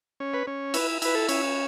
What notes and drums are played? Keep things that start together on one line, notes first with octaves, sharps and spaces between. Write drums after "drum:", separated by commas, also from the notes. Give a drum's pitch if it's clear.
C#4
B4
C#4
E4 B4, drum: cymbal
E4 B4, drum: cymbal
A4
C#4, drum: cymbal